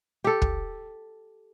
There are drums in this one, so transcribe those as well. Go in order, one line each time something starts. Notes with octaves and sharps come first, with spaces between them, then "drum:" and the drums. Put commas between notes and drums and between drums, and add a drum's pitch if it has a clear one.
G4 A4
drum: kick